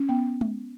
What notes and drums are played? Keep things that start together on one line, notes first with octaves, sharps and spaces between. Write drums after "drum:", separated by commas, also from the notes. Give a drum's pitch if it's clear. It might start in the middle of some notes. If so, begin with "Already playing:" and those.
Already playing: C#4
B3 G5
drum: tom G#3